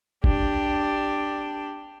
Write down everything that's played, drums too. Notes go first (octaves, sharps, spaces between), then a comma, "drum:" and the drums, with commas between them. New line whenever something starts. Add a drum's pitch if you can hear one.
D4 G4, drum: kick F#1